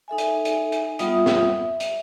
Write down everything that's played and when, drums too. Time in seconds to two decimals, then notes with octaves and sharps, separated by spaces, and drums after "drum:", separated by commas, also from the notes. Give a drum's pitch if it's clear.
0.08 D#4 A4 E5 G#5
0.18 drum: hi-hat
0.45 drum: hi-hat
0.72 drum: hi-hat
0.99 G3 B3 F4 E5 F#5 D#6, drum: hi-hat
1.26 drum: snare
1.47 E5
1.80 drum: hi-hat